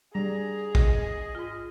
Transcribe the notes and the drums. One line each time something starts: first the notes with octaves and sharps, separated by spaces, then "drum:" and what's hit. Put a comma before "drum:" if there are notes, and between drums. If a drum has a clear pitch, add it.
G3 D4 G#4 A#5
D#5, drum: kick
G#2 F4